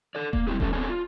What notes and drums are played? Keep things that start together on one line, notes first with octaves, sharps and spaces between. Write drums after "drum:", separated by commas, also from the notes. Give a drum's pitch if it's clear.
A4 D5
A#3, drum: kick D#1
F#3 G3 C4 E4 G4 G#4
F2 A3 C#4 A4, drum: kick D#1
B3 C4 D4 A4 C#5 G#5
F4